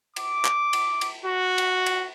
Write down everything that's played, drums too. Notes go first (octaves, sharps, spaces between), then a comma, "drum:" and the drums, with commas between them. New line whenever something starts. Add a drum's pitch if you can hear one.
D6, drum: cymbal
drum: clap
drum: cymbal
drum: cymbal
F#4
drum: cymbal
drum: cymbal